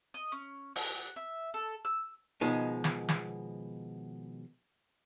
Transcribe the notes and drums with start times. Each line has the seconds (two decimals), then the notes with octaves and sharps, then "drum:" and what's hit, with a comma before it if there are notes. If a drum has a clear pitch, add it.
0.14 D#5
0.32 C#4
0.76 F#5, drum: open hi-hat
0.95 F#5
1.16 E5
1.54 A4
1.85 E6
2.41 B2 D#3 F3 G#3 D#4
2.84 drum: snare
3.09 drum: snare